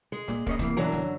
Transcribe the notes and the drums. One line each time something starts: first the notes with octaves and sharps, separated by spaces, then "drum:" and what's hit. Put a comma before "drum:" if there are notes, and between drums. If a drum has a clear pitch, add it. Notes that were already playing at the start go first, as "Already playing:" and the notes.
G#3
A#2, drum: snare
A#3 C#4 D#5, drum: kick
C3 E3 A#3, drum: kick, hi-hat
F#2 B2 D3 E3 F#3 A#4
drum: snare